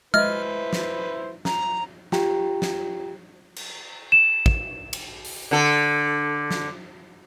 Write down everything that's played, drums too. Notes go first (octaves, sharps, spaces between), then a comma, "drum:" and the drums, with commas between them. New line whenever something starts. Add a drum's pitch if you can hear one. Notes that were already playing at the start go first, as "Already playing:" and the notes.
E4 B4 C5 D#5 E5 F6, drum: tom G#3
drum: snare
A#5, drum: snare
F4 G4 G5 A#5, drum: snare
drum: snare
drum: cymbal
E7
drum: kick
drum: cymbal
drum: open hi-hat
D3 A4
drum: snare